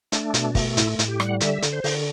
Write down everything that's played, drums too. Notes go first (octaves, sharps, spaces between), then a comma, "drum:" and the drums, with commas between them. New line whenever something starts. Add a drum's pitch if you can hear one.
A3 D4, drum: hi-hat
B2, drum: hi-hat
A3, drum: kick, open hi-hat
A2 E4, drum: hi-hat
A2, drum: hi-hat
G4
G3, drum: rim click
F#5
D3 E5, drum: hi-hat
D3, drum: hi-hat
C5
D3, drum: open hi-hat